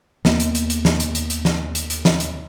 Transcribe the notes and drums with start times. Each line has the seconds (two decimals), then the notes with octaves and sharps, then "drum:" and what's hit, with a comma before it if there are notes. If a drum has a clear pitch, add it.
0.25 D#2 A#3 B3, drum: snare
0.40 drum: hi-hat
0.55 drum: hi-hat
0.70 drum: hi-hat
0.85 drum: snare
1.00 drum: hi-hat
1.15 drum: hi-hat
1.30 drum: hi-hat
1.45 drum: snare
1.75 drum: hi-hat
1.90 drum: hi-hat
2.05 drum: snare
2.20 drum: hi-hat